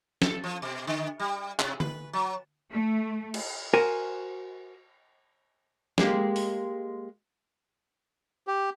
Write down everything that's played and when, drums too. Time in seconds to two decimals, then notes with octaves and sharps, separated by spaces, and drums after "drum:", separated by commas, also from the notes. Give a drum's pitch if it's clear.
0.22 A4, drum: snare
0.44 F3
0.62 B2
0.87 D3
1.20 G3
1.59 C3, drum: clap
1.80 B4, drum: tom D3
2.13 F#3
2.70 A3
3.34 drum: cymbal
3.74 F#4 A#4 C5 G#5
5.98 G#3 A#3 G4, drum: snare
6.36 drum: open hi-hat
8.47 G4